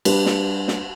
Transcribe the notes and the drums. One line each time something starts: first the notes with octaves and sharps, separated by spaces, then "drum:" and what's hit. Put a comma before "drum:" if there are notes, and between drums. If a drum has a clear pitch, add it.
G3 D4 B4, drum: cymbal
drum: snare
drum: snare